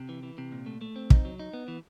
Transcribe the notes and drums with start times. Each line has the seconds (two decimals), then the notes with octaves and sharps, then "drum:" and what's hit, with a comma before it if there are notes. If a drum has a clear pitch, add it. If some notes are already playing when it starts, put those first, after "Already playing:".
Already playing: C3
0.09 E3
0.23 E3
0.38 C3
0.52 A#2
0.66 A3
0.81 A3
0.96 C4
1.10 D#4, drum: kick
1.25 F#3
1.40 D#4
1.54 B3
1.68 E3